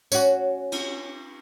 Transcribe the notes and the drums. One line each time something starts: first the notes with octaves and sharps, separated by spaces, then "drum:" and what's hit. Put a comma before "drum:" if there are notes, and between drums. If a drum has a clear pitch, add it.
C#4 F#4, drum: tambourine
drum: cymbal